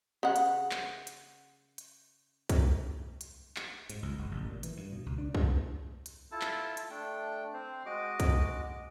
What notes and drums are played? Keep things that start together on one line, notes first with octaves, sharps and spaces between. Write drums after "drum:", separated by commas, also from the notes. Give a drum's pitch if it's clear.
C#3 F#5
drum: hi-hat
drum: clap
drum: hi-hat
drum: hi-hat
drum: kick, hi-hat
drum: hi-hat
drum: clap
G#2, drum: hi-hat
C#2
F#1
A1
A#2
E3, drum: hi-hat
G2
B2
C#2
D4
drum: kick
drum: hi-hat
E4 F4 A4 A5
drum: clap
drum: hi-hat
A3 D4 G5
C4 C5
G#3 F#4 D#5 D6
drum: kick, hi-hat